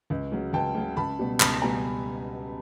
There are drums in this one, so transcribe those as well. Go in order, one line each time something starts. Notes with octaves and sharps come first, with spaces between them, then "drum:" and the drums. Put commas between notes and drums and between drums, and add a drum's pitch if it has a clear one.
C#2
C#3 F#3
C#2 G5 A5
C#3 F#3
C#2 A5 B5
B2 G3
C#2 A5 B5, drum: clap
B2 G3 G#5 A#5